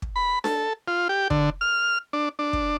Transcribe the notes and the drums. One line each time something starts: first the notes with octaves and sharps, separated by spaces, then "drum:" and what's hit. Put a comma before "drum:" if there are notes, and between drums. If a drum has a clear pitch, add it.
drum: kick
B5
A4, drum: snare D4
F4
G4
D3, drum: kick
F6
D4
D4
drum: kick